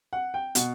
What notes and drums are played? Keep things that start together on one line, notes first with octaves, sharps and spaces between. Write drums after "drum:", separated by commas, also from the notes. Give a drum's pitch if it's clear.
F#5
G5
B2 F#5, drum: hi-hat